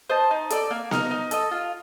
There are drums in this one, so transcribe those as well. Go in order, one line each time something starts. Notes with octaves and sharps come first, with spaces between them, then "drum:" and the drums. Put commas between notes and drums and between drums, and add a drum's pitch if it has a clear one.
C5 D#5 A5
D#4
A4 D5, drum: hi-hat
A#3
D#4 A#4, drum: snare B3
D#4
A4 D#5, drum: hi-hat
F4